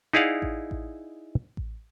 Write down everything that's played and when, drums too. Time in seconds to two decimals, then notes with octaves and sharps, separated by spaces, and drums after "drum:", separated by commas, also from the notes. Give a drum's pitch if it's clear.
0.13 D#4 E4 G#4 D5 F5 F#5
0.42 drum: kick A1
0.71 drum: kick A1
1.57 drum: kick A1